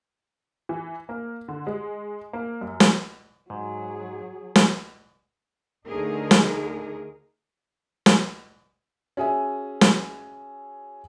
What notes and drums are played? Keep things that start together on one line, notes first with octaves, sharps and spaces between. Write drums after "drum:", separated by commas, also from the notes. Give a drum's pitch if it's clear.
E3
A#3
D3
G#3
A#3
F#2
drum: snare
G#2 F#3 G#4
drum: snare
D2 D3 A3 D#4 G#4 A#4
drum: snare
drum: snare
C#4 F#4 G#4 E5 G#5
drum: snare